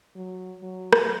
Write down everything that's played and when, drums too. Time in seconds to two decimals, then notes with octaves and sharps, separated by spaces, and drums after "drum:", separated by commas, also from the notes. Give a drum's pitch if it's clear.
0.16 F#3
0.63 F#3
0.93 drum: rim click